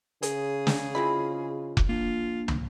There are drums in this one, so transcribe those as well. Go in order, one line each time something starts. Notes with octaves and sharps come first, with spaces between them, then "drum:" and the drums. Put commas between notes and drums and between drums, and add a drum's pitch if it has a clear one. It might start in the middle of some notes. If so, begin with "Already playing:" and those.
C#3 G#4, drum: hi-hat
drum: snare
C4 E4 F4 D#5 B5
drum: kick F1
A#3 D4 F4
drum: tom